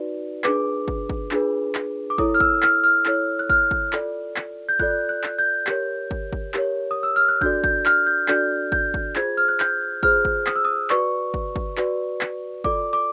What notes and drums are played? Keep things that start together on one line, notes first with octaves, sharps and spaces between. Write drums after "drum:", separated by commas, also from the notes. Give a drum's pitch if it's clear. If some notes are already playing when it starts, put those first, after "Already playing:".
Already playing: D#4 F#4 B4 D5
D4 F4 G#4 B4 D6, drum: clap
drum: kick
drum: kick
D4 F4 G#4 B4, drum: clap
drum: clap
D6
E4 A4 C#5 D#6, drum: kick
F6
E6, drum: kick
F6, drum: clap
F6
E4 A4 C#5, drum: clap
F#6
F6, drum: kick
drum: kick
F4 A4 D5, drum: clap
drum: clap
G6
F4 A4 D5 F#6, drum: kick
F#6
drum: clap
G6
G4 A#4 C#5, drum: clap
drum: kick
drum: kick
G4 A#4 C#5, drum: clap
D#6
E6
F6
F#6
D4 F#4 A4 D5 G6, drum: kick
G6, drum: kick
F6, drum: clap
G6
D4 F#4 A4 D5 G6, drum: clap
G6, drum: kick
drum: kick
F4 G#4 C5 G#6, drum: clap
F6
F#6
G6, drum: clap
F4 G#4 C5 F6, drum: kick
drum: kick
D#6, drum: clap
E6
D#6
F#4 B4 D5 C#6, drum: clap
drum: kick
drum: kick
F#4 B4 D5, drum: clap
drum: clap
F4 A4 D5 D6, drum: kick
D6